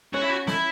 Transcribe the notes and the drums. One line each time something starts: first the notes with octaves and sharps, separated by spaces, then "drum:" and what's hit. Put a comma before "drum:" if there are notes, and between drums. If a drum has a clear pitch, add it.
C#4 F#4 C#5
E4
F#4
E4, drum: snare